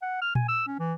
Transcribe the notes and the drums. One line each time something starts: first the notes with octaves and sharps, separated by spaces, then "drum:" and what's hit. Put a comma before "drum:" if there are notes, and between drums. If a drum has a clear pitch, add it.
F#5
F6
G#5, drum: tom A#2
E6
C#4
E3